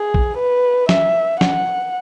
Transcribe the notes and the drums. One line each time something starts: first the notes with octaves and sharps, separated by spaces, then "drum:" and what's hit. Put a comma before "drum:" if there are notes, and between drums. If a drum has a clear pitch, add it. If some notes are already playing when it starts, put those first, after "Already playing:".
Already playing: G#4
drum: kick
B4
E5, drum: snare
F#5, drum: snare